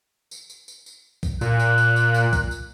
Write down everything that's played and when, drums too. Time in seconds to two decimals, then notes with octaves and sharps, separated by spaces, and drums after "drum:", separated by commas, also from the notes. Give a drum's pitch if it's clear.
0.31 drum: tambourine
0.50 drum: tambourine
0.68 drum: tambourine
0.86 drum: tambourine
1.23 drum: kick B1, tambourine
1.41 A#2 F#6, drum: tambourine
1.60 drum: tambourine
1.78 drum: tambourine
1.96 drum: tambourine
2.14 drum: tambourine
2.33 drum: kick B1, tambourine
2.51 drum: tambourine